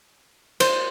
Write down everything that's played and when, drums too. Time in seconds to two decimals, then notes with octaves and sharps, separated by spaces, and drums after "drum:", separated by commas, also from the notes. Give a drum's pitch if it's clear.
0.60 C5, drum: cymbal